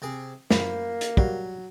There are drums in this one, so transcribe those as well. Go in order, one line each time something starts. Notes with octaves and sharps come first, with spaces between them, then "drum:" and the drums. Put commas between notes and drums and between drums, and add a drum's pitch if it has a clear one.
C3 G#4
F#2 A#3 C5 B5, drum: snare
drum: hi-hat
F#3 G3 G5, drum: kick